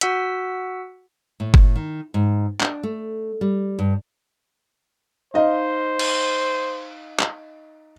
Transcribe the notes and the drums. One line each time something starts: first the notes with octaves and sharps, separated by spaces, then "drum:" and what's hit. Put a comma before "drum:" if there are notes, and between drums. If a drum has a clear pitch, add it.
F#4 F#5 E6 B6, drum: hi-hat
A2
drum: kick F#1
D#3
G#2
D4, drum: clap
A3
G3
G2
D#4 C5 D#5 F5
drum: cymbal
drum: clap